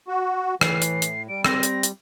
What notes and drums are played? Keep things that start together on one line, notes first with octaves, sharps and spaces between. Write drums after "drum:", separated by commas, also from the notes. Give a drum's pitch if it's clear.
F#4
A2 E3 C7, drum: rim click
drum: hi-hat
drum: hi-hat
G3 D7
C4 A#6, drum: rim click
drum: hi-hat
drum: hi-hat